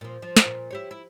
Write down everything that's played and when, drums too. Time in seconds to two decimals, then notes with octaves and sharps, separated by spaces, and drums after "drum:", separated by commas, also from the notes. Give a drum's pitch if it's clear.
0.01 A#2 F3
0.22 F3
0.37 drum: snare
0.46 A#2
0.71 E4 G4 C#5
0.91 E4